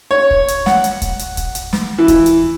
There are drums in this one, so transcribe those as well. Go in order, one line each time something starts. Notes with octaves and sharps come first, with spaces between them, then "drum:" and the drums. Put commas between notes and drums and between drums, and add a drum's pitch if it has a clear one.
C#5
drum: kick
drum: hi-hat
F#5, drum: snare
drum: hi-hat
drum: kick, hi-hat
drum: hi-hat
drum: kick, hi-hat
drum: hi-hat
drum: snare
E3
drum: kick, hi-hat
drum: hi-hat